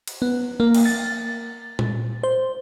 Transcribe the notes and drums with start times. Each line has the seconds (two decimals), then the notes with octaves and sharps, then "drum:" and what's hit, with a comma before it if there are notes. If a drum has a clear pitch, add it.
0.07 drum: cymbal
0.22 B3
0.60 A#3
0.75 drum: cymbal
0.85 A6
1.79 drum: tom A#2
2.23 C5